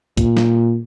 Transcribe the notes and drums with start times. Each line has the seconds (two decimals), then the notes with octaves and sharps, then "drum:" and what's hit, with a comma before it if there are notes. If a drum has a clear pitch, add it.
0.17 A#2, drum: kick, hi-hat
0.37 drum: snare